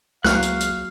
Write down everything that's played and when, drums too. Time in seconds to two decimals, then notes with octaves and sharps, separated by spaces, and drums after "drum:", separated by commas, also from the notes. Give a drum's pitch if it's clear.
0.24 C#2 F#3 A#3 F#4 F5 F6 F#6, drum: snare
0.42 drum: hi-hat
0.61 drum: hi-hat